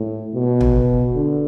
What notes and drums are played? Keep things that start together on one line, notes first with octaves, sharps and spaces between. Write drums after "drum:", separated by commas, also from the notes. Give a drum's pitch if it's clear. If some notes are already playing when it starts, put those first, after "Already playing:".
Already playing: A2
B2
drum: tom
D3